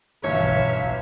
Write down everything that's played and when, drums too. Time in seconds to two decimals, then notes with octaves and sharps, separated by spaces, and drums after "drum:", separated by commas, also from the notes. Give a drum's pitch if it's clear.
0.24 G1 B2 E3 C#5 E5 F5
0.44 drum: kick
0.84 drum: kick